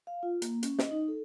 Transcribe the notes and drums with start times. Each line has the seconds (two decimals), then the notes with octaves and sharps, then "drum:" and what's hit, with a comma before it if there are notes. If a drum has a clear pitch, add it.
0.07 F5
0.23 F4
0.42 A#3, drum: hi-hat
0.63 C#4, drum: hi-hat
0.79 D#5, drum: snare
0.91 D#4
1.08 A4